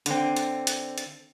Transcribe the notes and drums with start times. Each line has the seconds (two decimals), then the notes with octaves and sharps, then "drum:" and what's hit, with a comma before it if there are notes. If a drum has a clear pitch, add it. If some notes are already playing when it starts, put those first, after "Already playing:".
0.06 D3 C4, drum: hi-hat
0.36 drum: hi-hat
0.67 drum: hi-hat
0.98 drum: hi-hat